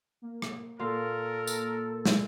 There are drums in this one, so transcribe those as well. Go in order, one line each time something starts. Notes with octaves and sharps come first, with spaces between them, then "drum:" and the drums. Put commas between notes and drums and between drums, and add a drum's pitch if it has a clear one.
A#3
drum: rim click
A#2 F4 A4 A#4
drum: tambourine
drum: snare